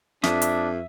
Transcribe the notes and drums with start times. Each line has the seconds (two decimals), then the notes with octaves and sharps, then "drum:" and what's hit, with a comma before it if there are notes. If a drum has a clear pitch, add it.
0.24 F2 D4 E5 D#6, drum: snare
0.42 drum: hi-hat